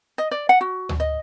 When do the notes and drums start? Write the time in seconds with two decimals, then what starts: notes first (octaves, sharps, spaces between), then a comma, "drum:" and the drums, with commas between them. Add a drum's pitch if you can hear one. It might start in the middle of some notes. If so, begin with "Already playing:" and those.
0.18 D#5
0.31 D5
0.49 F#5
0.61 F#4
0.89 drum: tom D2
1.00 D#5